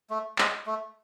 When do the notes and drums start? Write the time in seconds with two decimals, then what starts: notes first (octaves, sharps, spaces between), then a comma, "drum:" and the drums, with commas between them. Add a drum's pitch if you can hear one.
0.10 A3
0.38 G#3, drum: clap
0.66 A3